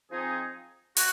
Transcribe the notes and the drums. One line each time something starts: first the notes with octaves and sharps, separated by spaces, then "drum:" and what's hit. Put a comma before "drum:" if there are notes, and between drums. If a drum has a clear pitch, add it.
F3 C4 D#4 G#4
F#4, drum: open hi-hat